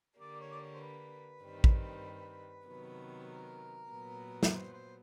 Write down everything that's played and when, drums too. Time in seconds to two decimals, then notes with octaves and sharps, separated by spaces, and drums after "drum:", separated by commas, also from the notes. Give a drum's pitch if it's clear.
0.19 D3 G3 A#3 D5
0.40 C#5
0.51 D5
0.60 C#5
0.74 C5
0.81 B4
1.43 G2 D#3 G3 C4
1.64 drum: kick A1
2.67 C3 D#3 F#3 B3
3.29 A#4
3.91 A#2 F#3 B3
4.43 drum: snare
4.53 C5
4.73 C5